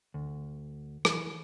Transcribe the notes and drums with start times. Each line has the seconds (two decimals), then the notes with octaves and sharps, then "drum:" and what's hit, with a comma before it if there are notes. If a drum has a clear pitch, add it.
0.14 D2
1.05 E3, drum: rim click